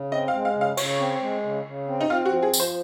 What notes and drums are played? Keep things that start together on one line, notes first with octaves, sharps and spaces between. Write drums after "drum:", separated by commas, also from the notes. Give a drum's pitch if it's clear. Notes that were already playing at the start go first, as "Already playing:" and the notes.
Already playing: C#3
C4 D#5
F5
G#3
F5
C#3
F5
C#3 C#5, drum: cymbal
C4
G#3
C#3
C#3
C4
D#4
C4 F4
F#4
F3
G#4
F3, drum: tambourine
C5